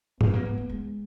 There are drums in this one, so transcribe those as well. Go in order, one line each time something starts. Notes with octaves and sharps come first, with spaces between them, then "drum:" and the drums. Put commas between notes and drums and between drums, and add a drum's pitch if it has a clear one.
F#3 B3, drum: tom G#2
A#3
G#3
A#3
G#3